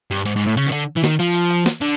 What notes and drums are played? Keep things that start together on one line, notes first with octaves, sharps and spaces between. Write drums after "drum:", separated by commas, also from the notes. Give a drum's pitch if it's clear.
G2
G#2, drum: hi-hat
G#2
A2
C#3, drum: hi-hat
D#3
D3, drum: hi-hat
E3
D#3, drum: snare
F3, drum: hi-hat
drum: hi-hat
drum: hi-hat
drum: snare
D3, drum: hi-hat